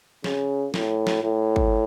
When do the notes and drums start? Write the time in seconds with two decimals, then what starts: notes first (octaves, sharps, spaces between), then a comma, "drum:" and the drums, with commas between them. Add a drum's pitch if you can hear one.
0.24 C#3, drum: snare
0.74 A2, drum: snare
1.07 drum: snare
1.23 A2
1.56 drum: kick